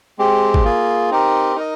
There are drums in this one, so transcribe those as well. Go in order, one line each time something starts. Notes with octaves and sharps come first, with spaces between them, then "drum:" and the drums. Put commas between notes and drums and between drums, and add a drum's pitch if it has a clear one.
G#3 C4 G4
drum: kick
A#3 F4 G#4
C4 D#4 G4 A#4
D#4 A#4 D#5